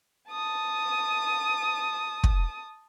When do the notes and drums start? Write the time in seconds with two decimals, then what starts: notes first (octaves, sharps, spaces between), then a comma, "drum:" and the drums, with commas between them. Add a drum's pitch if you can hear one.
0.31 A5 D#6
2.24 drum: kick